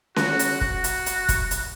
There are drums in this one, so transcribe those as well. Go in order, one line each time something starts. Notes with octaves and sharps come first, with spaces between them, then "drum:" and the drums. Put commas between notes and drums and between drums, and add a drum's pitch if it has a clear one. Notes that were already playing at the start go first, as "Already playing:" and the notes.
F#4, drum: snare C#4
drum: hi-hat
F#4, drum: kick
drum: hi-hat
drum: hi-hat
drum: kick, hi-hat
drum: hi-hat